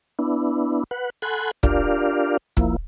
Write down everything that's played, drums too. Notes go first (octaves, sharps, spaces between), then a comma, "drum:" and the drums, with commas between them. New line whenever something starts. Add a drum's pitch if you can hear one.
B3 D4 E4
B4 F#5
A4 F#5 G#5 B5 C6 F#6
D4 F4 G4 A#4 D5 F5, drum: kick
F3 A#3 E4, drum: kick